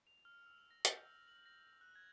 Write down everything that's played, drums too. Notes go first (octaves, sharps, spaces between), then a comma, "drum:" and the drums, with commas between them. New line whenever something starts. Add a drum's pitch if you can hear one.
F7
F6
E6
F7
A#6
G6, drum: hi-hat
E6
F#7
A#6
A#6
F#6
G#6